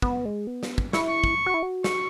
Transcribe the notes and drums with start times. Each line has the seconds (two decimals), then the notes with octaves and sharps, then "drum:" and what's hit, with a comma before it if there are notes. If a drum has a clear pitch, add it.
0.02 B3, drum: kick
0.25 G#3
0.47 B3
0.63 drum: snare
0.78 drum: kick
0.93 E4 C#6, drum: snare
1.08 C#6
1.24 drum: kick
1.46 F#4
1.54 E4
1.63 F#4
1.84 C#6, drum: snare